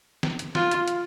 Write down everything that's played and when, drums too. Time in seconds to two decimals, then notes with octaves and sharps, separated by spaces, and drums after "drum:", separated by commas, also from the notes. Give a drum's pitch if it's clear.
0.23 drum: snare
0.39 drum: hi-hat
0.55 F4, drum: snare
0.71 drum: hi-hat
0.88 drum: hi-hat